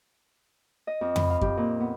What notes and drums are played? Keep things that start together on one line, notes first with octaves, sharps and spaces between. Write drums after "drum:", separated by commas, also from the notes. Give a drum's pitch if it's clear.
D#5
F2
B5, drum: tom F2
F5
G4, drum: kick F#2
A#2
B3